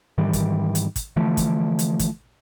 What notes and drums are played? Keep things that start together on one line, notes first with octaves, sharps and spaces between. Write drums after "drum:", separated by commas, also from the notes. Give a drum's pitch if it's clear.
G#2 D#3 E3 G3
drum: kick, hi-hat
drum: hi-hat
drum: kick, hi-hat
D3 E3 F3 A3
drum: kick, hi-hat
drum: hi-hat
drum: kick, hi-hat